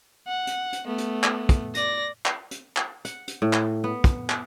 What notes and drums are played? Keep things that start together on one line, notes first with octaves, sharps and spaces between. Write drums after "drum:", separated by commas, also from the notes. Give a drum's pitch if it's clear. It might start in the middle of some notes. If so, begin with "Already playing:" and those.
F#5
drum: hi-hat
drum: hi-hat
A3 B3
drum: hi-hat
drum: clap
drum: kick, hi-hat
D5 A#6, drum: hi-hat
drum: clap
drum: hi-hat
drum: clap
F#5, drum: hi-hat
drum: hi-hat
A2
drum: clap
B3
drum: kick, hi-hat
drum: clap